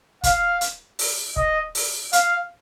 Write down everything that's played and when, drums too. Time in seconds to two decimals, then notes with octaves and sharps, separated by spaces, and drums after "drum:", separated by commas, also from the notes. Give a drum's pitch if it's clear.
0.24 F5, drum: kick, hi-hat
0.61 drum: hi-hat
0.99 drum: open hi-hat
1.36 D#5, drum: kick
1.75 drum: open hi-hat
2.13 F5, drum: hi-hat